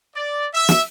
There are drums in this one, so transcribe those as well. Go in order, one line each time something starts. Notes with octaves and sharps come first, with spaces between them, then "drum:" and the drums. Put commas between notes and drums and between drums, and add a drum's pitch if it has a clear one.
D5
E5
drum: snare